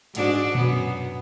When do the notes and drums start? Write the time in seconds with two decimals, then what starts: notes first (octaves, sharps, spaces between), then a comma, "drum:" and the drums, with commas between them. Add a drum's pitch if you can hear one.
0.15 G#2 D4 F#4, drum: hi-hat
0.55 F#2 B3, drum: tom A#2